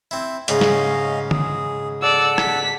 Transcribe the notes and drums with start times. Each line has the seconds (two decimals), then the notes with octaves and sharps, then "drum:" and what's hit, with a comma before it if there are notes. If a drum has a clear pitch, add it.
0.11 C4 E4
0.48 G#2 C#3 G#3 C#4 D#5 F5, drum: hi-hat
0.61 drum: snare
1.31 G#4, drum: tom
2.02 A4 D5 F#5 E6
2.38 B6, drum: rim click